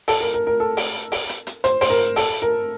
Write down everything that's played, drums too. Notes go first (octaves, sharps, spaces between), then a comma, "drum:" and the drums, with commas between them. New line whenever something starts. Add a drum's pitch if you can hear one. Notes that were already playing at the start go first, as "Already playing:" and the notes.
A4, drum: open hi-hat
A#4
A#4
A#4
A4
drum: open hi-hat
drum: open hi-hat
drum: hi-hat
drum: hi-hat
C5, drum: hi-hat
C5, drum: open hi-hat
A#4
A4, drum: open hi-hat
A#4